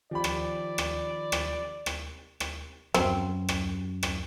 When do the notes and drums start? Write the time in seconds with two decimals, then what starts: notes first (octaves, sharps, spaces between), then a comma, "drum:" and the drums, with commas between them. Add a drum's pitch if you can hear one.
0.11 D#3 F3 G4 D5 B5
0.24 drum: rim click
0.78 drum: rim click
1.32 drum: rim click
1.86 drum: rim click
2.40 drum: rim click
2.94 F#2 F#3 C4, drum: rim click
3.49 drum: rim click
4.03 drum: rim click